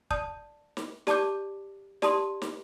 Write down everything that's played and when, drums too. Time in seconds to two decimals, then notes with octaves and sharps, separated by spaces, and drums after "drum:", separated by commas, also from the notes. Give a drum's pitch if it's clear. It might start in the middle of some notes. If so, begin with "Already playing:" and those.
0.11 D5 A5 D#6 G6, drum: kick
0.77 drum: snare
1.07 G4 D5 A5 D6 G6, drum: snare
2.02 G4 D5 A5 C6 D#6, drum: snare
2.42 drum: snare